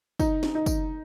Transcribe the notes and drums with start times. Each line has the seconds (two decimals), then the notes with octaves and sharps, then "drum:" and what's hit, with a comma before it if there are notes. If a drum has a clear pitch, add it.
0.20 D#4, drum: kick, tambourine
0.43 drum: snare
0.55 D#4
0.66 drum: kick, tambourine